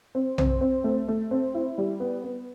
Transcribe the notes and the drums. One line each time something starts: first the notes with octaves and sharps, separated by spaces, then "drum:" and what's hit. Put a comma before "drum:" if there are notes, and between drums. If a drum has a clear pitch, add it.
C4
C4, drum: tom B1
C4
A3
A3
C4
E4
G3
B3
B3